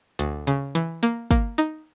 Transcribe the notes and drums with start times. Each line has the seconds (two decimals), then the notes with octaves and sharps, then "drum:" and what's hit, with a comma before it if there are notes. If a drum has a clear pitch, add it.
0.19 D2, drum: hi-hat
0.47 C#3, drum: hi-hat
0.75 E3, drum: hi-hat
1.03 A#3, drum: hi-hat
1.31 A#3, drum: kick, hi-hat
1.58 D#4, drum: hi-hat